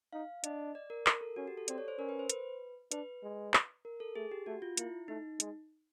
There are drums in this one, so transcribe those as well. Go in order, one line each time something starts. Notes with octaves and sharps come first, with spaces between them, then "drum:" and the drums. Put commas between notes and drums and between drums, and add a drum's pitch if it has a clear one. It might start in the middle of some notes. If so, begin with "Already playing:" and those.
D#4 F5
D4 D#5, drum: hi-hat
D5
A#4
A#4, drum: clap
A4
C#4 F#4
G4
A4
C4 D5, drum: hi-hat
C#5
C5
C#4 A#4
B4
C5
B4, drum: hi-hat
D4 B4, drum: hi-hat
G#3
drum: clap
A#4
A4
A3 G#4
G4
A3 F#4
F4
A#3 E4, drum: hi-hat
A3 D#4
G#3, drum: hi-hat